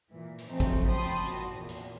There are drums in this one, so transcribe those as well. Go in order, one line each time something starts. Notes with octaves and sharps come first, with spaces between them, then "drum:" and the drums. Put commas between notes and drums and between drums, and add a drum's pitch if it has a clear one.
A#2 E3
drum: hi-hat
F3 F#3 A3 C4 C#4 D#4
drum: kick G#1, hi-hat
G5 A5 B5 C6 D#6
drum: hi-hat
A#2 F#4, drum: hi-hat
E2 A#2
drum: hi-hat